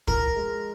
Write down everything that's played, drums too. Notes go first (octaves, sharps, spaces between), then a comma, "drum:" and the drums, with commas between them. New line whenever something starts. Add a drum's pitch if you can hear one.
F3 A#4, drum: kick
G#3